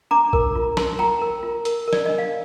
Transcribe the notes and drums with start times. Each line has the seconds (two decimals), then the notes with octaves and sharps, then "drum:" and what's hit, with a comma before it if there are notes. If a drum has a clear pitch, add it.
0.11 D4 A#5 D6
0.33 A#4, drum: kick A#1
0.55 F4
0.77 A#4 A5 C6, drum: snare
0.99 F4 G5 A#5
1.22 A#4
1.43 F4
1.65 A#4, drum: hi-hat
1.88 A#4
1.93 D5, drum: snare
2.06 D4 D#5
2.18 F5